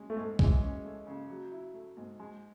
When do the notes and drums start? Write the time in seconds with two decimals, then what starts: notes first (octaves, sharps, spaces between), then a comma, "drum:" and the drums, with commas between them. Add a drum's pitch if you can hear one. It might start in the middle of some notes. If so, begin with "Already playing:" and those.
Already playing: G#3 C#4
0.10 A3
0.17 G#2
0.39 E3 G#3, drum: kick
0.62 C#4
0.84 A3
1.07 C#3
1.30 F#3
1.52 E4
1.74 A3
1.97 G#2
2.20 G#3